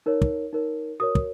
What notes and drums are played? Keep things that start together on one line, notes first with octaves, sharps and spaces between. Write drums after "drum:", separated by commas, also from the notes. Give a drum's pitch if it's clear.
D#4 A#4 C#5
drum: kick
D#4 A#4 C#5
F#4 A#4 C#5 D#6
drum: kick